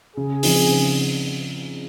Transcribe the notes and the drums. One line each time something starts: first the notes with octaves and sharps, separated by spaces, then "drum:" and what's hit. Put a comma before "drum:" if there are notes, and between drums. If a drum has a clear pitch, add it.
C#3 G#4
F3 C4 D#4, drum: open hi-hat
C#3